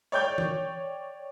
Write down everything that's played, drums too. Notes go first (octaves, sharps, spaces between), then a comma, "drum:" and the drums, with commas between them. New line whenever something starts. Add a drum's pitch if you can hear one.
C#5 D5 G5 G6
drum: tom E3